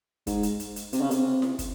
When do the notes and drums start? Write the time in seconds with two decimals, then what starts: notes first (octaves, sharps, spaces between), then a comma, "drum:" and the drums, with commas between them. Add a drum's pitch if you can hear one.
0.27 G#2, drum: kick, hi-hat
0.43 drum: hi-hat
0.60 drum: hi-hat
0.76 drum: hi-hat
0.93 C3, drum: hi-hat
1.01 C#3
1.11 C3, drum: hi-hat
1.42 drum: snare E4
1.59 drum: kick, hi-hat